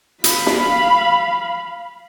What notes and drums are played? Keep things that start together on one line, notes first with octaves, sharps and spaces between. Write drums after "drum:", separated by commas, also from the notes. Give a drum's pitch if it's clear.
F5 B5, drum: hi-hat
drum: snare